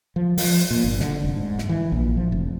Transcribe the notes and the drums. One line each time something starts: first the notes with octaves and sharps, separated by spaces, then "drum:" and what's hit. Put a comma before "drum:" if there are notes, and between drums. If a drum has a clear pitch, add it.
F3
F3, drum: open hi-hat
A#2
G1
D3, drum: snare
F1
G#2
drum: snare
E3
A#1
F3
F1